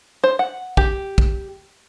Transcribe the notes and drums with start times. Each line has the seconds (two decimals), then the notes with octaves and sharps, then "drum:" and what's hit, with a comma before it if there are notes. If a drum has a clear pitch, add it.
0.23 C5
0.39 F#5
0.77 G4, drum: kick
1.18 drum: kick